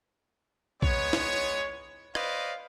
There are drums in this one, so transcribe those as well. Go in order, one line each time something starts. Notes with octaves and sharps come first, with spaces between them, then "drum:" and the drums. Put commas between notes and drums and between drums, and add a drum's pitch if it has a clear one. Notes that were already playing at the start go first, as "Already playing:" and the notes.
G#3 B3 C#5, drum: kick A#1
drum: snare
B4 C5 D5 D#5 F5, drum: rim click